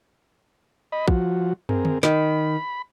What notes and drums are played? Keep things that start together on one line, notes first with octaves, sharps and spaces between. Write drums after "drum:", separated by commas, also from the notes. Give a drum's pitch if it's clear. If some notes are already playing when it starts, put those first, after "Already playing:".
D#5 B5
F3 F#4, drum: kick
C4 G#4 A#4, drum: tom
drum: tom D3
D#3 B5, drum: snare